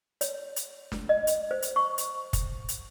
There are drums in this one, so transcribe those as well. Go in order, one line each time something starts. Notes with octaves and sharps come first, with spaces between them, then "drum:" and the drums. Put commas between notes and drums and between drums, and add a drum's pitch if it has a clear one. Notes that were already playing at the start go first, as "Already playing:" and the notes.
C#5, drum: hi-hat
drum: hi-hat
drum: snare
D#5
drum: hi-hat
C5
drum: hi-hat
C#6
drum: hi-hat
drum: kick, hi-hat
drum: hi-hat